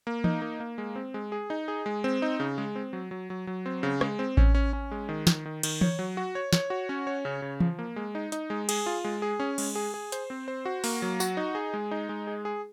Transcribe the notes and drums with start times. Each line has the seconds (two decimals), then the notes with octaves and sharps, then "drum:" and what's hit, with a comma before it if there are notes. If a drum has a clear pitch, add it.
0.07 A#3
0.24 D#4, drum: tom E3
0.42 A#3
0.60 A#3
0.78 G#3
0.96 C4
1.14 G#3
1.32 G#4
1.50 D#4
1.68 G#4
1.86 G#3
2.04 C4
2.22 D#4
2.40 C#3
2.58 G#3
2.75 C4
2.93 F#3
3.11 F#3
3.30 F#3
3.47 F#3
3.66 C4
3.83 C#3
4.01 G#3, drum: rim click
4.19 C4
4.37 C#4, drum: kick A1
4.55 C#4
4.73 C#4
4.91 G#3
5.09 D#3
5.27 D#3, drum: snare
5.46 D#3
5.63 D#3, drum: cymbal
5.81 C#5, drum: tom E3
5.99 F#3
6.17 F#4
6.35 C#5
6.53 C#5, drum: snare
6.70 F#4
6.89 C#4
7.07 C#5
7.25 C#3
7.42 C#3
7.60 F3, drum: tom E3
7.79 A#3
7.96 G#3
8.15 D#4
8.32 D#4, drum: hi-hat
8.50 G#3
8.69 G#4, drum: cymbal
8.86 F4
9.04 G#3
9.22 G#4
9.40 C#4
9.58 G#3, drum: cymbal
9.75 G#4
9.94 G#4
10.12 C5, drum: hi-hat
10.30 C4
10.48 C5
10.65 F#4
10.84 A#3, drum: open hi-hat
11.02 F#3
11.20 F#4, drum: tambourine
11.37 D#4
11.55 G#4
11.74 G#3
11.91 D#4
12.09 G#3
12.27 G#4
12.45 G#4